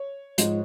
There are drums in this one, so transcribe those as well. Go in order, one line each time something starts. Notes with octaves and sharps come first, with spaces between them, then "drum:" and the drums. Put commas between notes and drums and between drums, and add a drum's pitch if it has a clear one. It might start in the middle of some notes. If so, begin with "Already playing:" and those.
Already playing: C#5
G#2 F3 G#3, drum: hi-hat